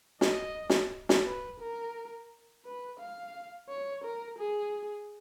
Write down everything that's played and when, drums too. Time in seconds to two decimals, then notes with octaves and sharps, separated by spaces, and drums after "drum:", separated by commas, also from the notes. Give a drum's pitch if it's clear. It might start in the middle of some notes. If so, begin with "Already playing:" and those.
0.21 D#5, drum: snare
0.70 drum: snare
1.09 drum: snare
1.25 B4
1.60 A#4
2.65 B4
3.00 F5
3.69 C#5
4.04 A#4
4.38 G#4